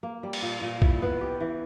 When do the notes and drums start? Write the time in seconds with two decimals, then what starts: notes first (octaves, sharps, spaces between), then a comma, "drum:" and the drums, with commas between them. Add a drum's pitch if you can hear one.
0.03 A#3
0.23 G3
0.33 drum: cymbal
0.42 A#2
0.62 A#2
0.82 E4, drum: kick
1.02 B3
1.21 G4
1.40 E3